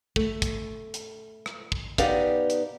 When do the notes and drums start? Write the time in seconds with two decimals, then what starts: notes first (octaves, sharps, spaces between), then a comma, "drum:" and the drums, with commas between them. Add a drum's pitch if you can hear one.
0.16 A3, drum: kick
0.42 drum: kick, hi-hat
0.94 drum: hi-hat
1.46 drum: rim click
1.72 drum: kick
1.98 B3 D#4 G4 B4 D5 F5, drum: kick, hi-hat
2.50 drum: hi-hat